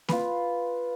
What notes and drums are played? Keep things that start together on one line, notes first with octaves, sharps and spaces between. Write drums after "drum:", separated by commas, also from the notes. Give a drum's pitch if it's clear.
F4 B4, drum: snare A#3